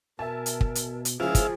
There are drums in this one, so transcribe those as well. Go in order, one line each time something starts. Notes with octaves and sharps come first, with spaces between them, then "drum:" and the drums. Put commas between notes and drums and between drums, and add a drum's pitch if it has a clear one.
B2 A#4 E5 G#5 A5
drum: hi-hat
drum: kick
drum: hi-hat
drum: hi-hat
C#2 C#3 F3 E4 G#4 F5
drum: kick, hi-hat